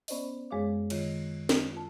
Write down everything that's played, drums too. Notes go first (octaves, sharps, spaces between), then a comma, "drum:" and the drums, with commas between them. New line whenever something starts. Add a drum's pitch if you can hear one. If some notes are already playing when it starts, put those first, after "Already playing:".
B3 C#4 C5 D5 D#5, drum: open hi-hat
F#2 G#3 G#4 C#5 F5 D6
D#3 F4 C#5, drum: cymbal
drum: snare
F4 A5